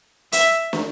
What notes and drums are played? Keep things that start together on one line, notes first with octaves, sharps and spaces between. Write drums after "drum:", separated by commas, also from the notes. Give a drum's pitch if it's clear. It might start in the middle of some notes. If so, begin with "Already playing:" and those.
E5, drum: hi-hat
drum: snare